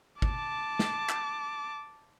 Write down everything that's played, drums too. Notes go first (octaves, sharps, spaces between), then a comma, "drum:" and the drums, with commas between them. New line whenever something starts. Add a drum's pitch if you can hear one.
A5 D6, drum: kick
drum: snare
drum: clap